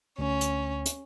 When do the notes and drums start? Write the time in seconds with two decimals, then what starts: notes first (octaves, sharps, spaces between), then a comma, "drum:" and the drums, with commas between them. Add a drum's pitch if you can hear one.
0.19 D2 C#4
0.41 drum: hi-hat
0.86 drum: hi-hat